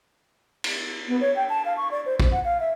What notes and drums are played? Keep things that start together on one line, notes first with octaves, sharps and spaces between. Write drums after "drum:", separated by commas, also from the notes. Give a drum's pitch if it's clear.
drum: cymbal
B3
C#5
G5
A5
F5
C#6
D5
C5
C5, drum: kick A#1
F#5
F5
E5